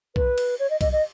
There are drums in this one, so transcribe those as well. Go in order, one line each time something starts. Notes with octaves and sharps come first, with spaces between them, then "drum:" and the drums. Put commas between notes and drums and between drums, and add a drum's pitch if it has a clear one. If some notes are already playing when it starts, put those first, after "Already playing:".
B4, drum: kick B1
drum: cymbal
C#5
D#5
D#5, drum: kick B1, cymbal
D#5